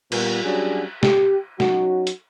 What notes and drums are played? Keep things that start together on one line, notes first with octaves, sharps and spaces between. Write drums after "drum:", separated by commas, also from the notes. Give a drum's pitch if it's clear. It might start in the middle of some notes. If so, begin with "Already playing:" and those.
A#2 G3 B3, drum: cymbal
F#3 G3 C#4 D4 F#4 G#4
G4, drum: snare
F#3 C#4 D#4 F#4, drum: snare
drum: hi-hat